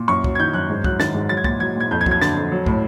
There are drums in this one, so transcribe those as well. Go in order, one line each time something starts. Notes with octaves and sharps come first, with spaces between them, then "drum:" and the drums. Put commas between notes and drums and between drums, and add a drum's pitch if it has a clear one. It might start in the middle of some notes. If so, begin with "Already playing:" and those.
Already playing: A#2
F#2 C#6
F#3, drum: kick
G#6
D#3 G6
F#2 F#6
G#2
F#3 F#6, drum: kick
D#3 A6, drum: snare
G#2
F#3 A6
G#6
A#2 A6, drum: kick
F#3 G#6
A#2 G#6
F2 G6
G#6
F#3, drum: kick
G#6
D3 A6, drum: snare
F2
F#3
A2, drum: kick